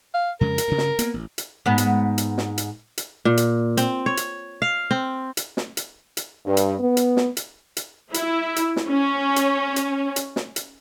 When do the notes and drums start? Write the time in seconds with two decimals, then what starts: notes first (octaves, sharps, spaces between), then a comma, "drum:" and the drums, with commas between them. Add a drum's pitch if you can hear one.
0.14 F5
0.41 F2 C#3 G#3 A#4
0.58 drum: hi-hat
0.68 G2 C#3
0.78 drum: snare
0.99 A#3 B3, drum: hi-hat
1.14 A1
1.38 drum: hi-hat
1.66 G#2 B3
1.78 drum: hi-hat
2.18 drum: hi-hat
2.38 drum: snare
2.58 drum: hi-hat
2.98 drum: hi-hat
3.25 A#2
3.37 drum: hi-hat
3.77 C4, drum: hi-hat
4.06 C#5
4.17 drum: hi-hat
4.62 F5
4.91 C4
5.37 drum: hi-hat
5.57 drum: snare
5.77 drum: hi-hat
6.17 drum: hi-hat
6.46 G2
6.57 drum: hi-hat
6.80 B3
6.97 drum: hi-hat
7.17 drum: snare
7.37 drum: hi-hat
7.77 drum: hi-hat
8.14 E4, drum: hi-hat
8.56 drum: hi-hat
8.76 drum: snare
8.88 C#4
9.36 drum: hi-hat
9.76 drum: hi-hat
10.16 drum: hi-hat
10.36 drum: snare
10.56 drum: hi-hat